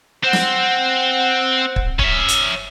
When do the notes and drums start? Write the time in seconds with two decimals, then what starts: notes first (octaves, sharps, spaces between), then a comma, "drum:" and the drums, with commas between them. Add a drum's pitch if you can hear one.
0.24 C4 C5 F#5
0.33 drum: snare
1.76 drum: kick
1.99 C#4 E5, drum: kick
2.28 drum: hi-hat